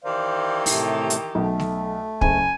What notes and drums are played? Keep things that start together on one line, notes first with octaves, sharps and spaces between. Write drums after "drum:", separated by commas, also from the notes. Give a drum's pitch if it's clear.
D#3 E3 G4 C5 D5 F5
A2 C3 A3, drum: open hi-hat
drum: hi-hat
B1 A3
drum: snare A3
F#1 G#5, drum: kick